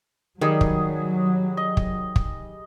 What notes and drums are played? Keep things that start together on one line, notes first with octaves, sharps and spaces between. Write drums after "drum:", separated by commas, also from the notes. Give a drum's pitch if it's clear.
D#3 F#3 G3 G#4 D#6
drum: kick
D#5
drum: kick
drum: kick